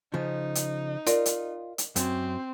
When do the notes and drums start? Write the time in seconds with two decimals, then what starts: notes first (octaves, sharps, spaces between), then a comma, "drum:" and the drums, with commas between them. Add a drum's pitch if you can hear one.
0.14 C#3 F3 D#4
0.55 drum: hi-hat
1.07 F4 A#4 D5, drum: hi-hat
1.26 drum: hi-hat
1.78 drum: hi-hat
1.96 F#2 C4, drum: hi-hat